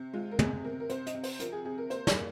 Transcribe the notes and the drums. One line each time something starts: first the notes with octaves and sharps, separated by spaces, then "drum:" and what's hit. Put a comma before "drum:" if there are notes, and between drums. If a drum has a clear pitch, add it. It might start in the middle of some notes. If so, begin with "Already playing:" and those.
Already playing: C3
G#3 F4
A#4
C3 G#4, drum: tom
C3 A#4
A#4
C3 C5, drum: hi-hat
D#5, drum: hi-hat
C3
C5, drum: open hi-hat
F3 A#4, drum: hi-hat
G#4
C3 G#4
A#4
A#3 C5, drum: hi-hat
G#4, drum: snare
A#3